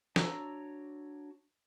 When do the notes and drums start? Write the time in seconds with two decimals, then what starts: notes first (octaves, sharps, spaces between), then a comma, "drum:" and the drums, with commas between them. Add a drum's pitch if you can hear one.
0.16 D4 F#4 C#5 A#5 E6, drum: snare